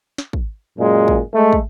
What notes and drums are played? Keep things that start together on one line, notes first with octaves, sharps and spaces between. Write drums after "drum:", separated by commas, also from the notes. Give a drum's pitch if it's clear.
drum: snare
drum: kick
F#2 A#2 G#3
drum: kick
G#3 A3
drum: kick